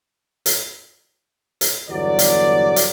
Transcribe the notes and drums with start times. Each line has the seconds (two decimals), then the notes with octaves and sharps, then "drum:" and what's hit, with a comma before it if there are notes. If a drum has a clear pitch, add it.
0.46 drum: hi-hat
1.61 drum: hi-hat
1.90 G1 E2 F#3 D5
2.19 drum: hi-hat
2.76 drum: hi-hat